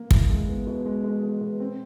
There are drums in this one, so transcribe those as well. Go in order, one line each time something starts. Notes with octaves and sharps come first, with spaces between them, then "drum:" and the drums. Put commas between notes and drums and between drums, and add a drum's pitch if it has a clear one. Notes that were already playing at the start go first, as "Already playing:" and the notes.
Already playing: A#3
E4, drum: kick
G#3
B3
B2
G#3
G#3
G#3
B2
C4